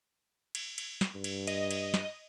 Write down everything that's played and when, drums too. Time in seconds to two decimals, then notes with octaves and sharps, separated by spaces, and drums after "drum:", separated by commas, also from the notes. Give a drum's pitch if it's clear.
0.55 drum: cymbal
0.78 drum: cymbal
1.01 drum: snare
1.15 G2
1.24 drum: cymbal
1.47 D#5, drum: cymbal
1.71 drum: cymbal
1.94 drum: snare